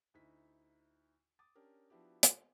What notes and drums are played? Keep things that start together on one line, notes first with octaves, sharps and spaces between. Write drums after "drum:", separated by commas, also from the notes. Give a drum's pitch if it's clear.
D2 D#4 E4 B6
D6 D#6 A6
C#4 D4 G4 A#4
F3 B3 D4 E4 F#4 G4
drum: hi-hat